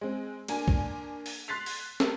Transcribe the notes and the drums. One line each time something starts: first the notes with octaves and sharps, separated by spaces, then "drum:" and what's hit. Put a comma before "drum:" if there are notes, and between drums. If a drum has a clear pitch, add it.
G#3 C4
A#3 D4 G#5, drum: cymbal
drum: kick B1
drum: open hi-hat
C6 F#6 A6 B6 C7 F7
drum: open hi-hat
G4 A#4, drum: snare